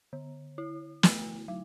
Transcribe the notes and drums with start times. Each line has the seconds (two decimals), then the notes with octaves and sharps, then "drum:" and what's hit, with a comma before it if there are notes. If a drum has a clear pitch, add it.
0.13 D3
0.58 E4
1.03 A3, drum: snare
1.48 F#3